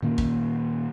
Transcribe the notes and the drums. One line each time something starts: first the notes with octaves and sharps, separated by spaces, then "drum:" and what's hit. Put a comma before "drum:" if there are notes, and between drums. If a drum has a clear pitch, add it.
A#2 D#3 A#3 C#4
drum: kick